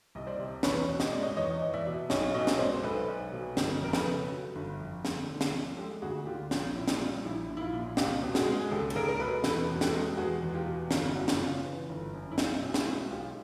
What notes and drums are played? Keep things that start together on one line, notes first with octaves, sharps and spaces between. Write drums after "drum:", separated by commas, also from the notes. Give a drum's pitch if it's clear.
C2 D#5
C5 D5
C3
E2 B4 C#5, drum: snare
B2
D#5, drum: snare
G#3 D5
C#5 D#5
E2 C#5 D#5
E2
D5 E5
B2
B1 C#5 D#5, drum: snare
B2 C#5 D#5
drum: snare
G#3 C5 D5
C5
B1 A4 B4
B1
B2
G1, drum: snare
F2 A#4
A4 B4, drum: snare
C#3
F#3
G1
F2
D2, drum: snare
D3
drum: snare
F3
G#3 G4 A4
D2 F#4 G#4
D3 F4 G4
A#1 F4, drum: snare
A#2 E4
drum: snare
G3 F4
A#1 E4
A#1
E4
F4
A#2
C#2 F4 G4, drum: snare
B2
F#4 G#4, drum: snare
G#3
G#4
C#2 G4 A4
A4, drum: cymbal
C#2 G#4 A#4
A#4
B2 A4 B4
E2 A4 B4, drum: snare
B2
G4 A4, drum: snare
G#3
E2 F#4 G#4
E2
F4 G4
B2
G1 F4, drum: snare
F#2 E4 F#4
drum: snare
C#3 F4
E3
G1
F#2
E4
B1 F4, drum: snare
B2
E4 F#4, drum: snare
G#3
B1 F4 G4